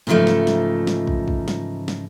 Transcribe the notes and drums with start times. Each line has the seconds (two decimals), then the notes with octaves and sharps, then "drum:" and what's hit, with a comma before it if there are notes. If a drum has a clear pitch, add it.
0.07 G#2 C#3 E3 F3 A3 D#4
0.27 drum: snare
0.47 drum: snare
0.87 drum: snare
1.07 drum: kick
1.28 drum: kick
1.48 drum: snare
1.88 drum: snare